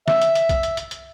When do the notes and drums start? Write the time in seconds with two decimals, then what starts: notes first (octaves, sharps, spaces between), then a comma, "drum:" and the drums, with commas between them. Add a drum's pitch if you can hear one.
0.08 E5, drum: snare
0.22 drum: hi-hat
0.35 drum: hi-hat
0.49 drum: kick B1, hi-hat
0.63 drum: hi-hat
0.77 drum: hi-hat
0.91 drum: hi-hat